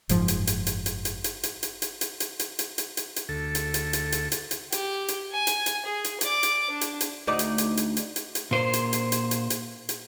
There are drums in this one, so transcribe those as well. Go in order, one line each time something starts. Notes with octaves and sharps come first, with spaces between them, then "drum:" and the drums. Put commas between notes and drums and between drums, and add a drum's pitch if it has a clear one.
F#1 G#2 F3, drum: hi-hat
drum: hi-hat
drum: hi-hat
drum: hi-hat
drum: hi-hat
drum: hi-hat
drum: hi-hat
drum: hi-hat
drum: hi-hat
drum: hi-hat
drum: hi-hat
drum: hi-hat
drum: hi-hat
drum: hi-hat
drum: hi-hat
drum: hi-hat
drum: hi-hat
D2 A4
drum: hi-hat
drum: hi-hat
drum: hi-hat
drum: hi-hat
drum: hi-hat
drum: hi-hat
G4, drum: hi-hat
drum: hi-hat
G#5
drum: hi-hat
drum: hi-hat
G#4
drum: hi-hat
D5 D6, drum: hi-hat
drum: hi-hat
D4
drum: hi-hat
drum: hi-hat
D2 D#4 D5
drum: hi-hat
drum: hi-hat
drum: hi-hat
drum: hi-hat
drum: hi-hat
drum: hi-hat
A#2 C5
drum: hi-hat
drum: hi-hat
drum: hi-hat
drum: hi-hat
drum: hi-hat
drum: hi-hat